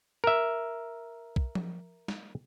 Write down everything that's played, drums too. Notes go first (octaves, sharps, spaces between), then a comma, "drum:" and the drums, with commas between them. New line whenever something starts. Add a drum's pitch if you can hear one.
A#4 E5
drum: kick
drum: tom F3
drum: snare